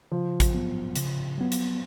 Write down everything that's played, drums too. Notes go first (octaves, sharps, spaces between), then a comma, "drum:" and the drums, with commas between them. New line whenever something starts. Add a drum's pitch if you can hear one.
C#3 F3
drum: kick A1, hi-hat
F#3 B3
C#3, drum: hi-hat
F#3 B3
drum: hi-hat